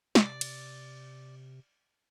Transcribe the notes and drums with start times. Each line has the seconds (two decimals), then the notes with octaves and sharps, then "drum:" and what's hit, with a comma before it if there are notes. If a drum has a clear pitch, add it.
0.15 C3 D5, drum: snare
0.41 drum: cymbal